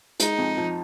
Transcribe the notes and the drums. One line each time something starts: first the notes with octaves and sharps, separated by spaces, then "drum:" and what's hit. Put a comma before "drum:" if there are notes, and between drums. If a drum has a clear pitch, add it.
G#3 D#4, drum: hi-hat
F2
F3